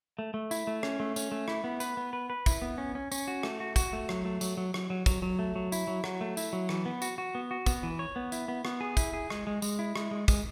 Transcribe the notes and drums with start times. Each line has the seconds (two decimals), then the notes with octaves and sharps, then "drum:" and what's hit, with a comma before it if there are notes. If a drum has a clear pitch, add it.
0.19 A3
0.34 A3
0.51 E4, drum: tambourine
0.67 A3
0.83 C#4, drum: rim click
1.00 A3
1.16 C#4, drum: tambourine
1.32 A3
1.48 E4, drum: rim click
1.64 B3
1.80 B4, drum: tambourine
1.97 B3
2.13 B4
2.30 B4
2.46 E4, drum: kick, tambourine
2.62 B3
2.78 C#4
2.95 C#4
3.12 C#4, drum: tambourine
3.28 F#4
3.43 A3, drum: rim click
3.60 F#4
3.76 F#4, drum: kick, tambourine
3.93 A3
4.09 F#3, drum: rim click
4.25 A3
4.41 F#3, drum: tambourine
4.57 F#3
4.74 F#3, drum: rim click
4.90 F#3
5.06 F#3, drum: kick, tambourine
5.22 F#3
5.39 A3
5.55 F#3
5.72 E4, drum: tambourine
5.87 F#3
6.04 F#3, drum: rim click
6.21 A3
6.37 E4, drum: tambourine
6.53 F#3
6.69 E3, drum: rim click
6.85 B3
7.02 F#4, drum: tambourine
7.18 F#4
7.35 B3
7.51 F#4
7.66 B3, drum: kick, tambourine
7.83 E3
7.99 C#5
8.16 B3
8.32 E4, drum: tambourine
8.48 B3
8.65 B3, drum: rim click
8.81 G#4
8.97 E4, drum: kick, tambourine
9.14 G#4
9.30 G#3, drum: rim click
9.47 G#3
9.62 G#3, drum: tambourine
9.79 E4
9.96 G#3, drum: rim click
10.11 G#3
10.28 G#3, drum: kick, tambourine